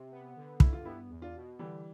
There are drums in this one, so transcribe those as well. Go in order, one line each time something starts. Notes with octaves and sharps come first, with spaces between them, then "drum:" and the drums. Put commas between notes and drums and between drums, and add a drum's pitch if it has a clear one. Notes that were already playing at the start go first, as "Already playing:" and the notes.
Already playing: C3
B3
D3
G2 E4, drum: kick
F4
B3 E4 G4
E2
D4 F4
B2
D3 E3 G3